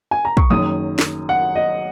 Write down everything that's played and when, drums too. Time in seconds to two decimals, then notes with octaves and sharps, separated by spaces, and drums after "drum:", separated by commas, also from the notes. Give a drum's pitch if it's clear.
0.11 G#5
0.25 A#5
0.37 C#6, drum: kick
0.50 F#1 F#2 D#3 D#6
0.99 drum: snare
1.29 F#5
1.55 D#5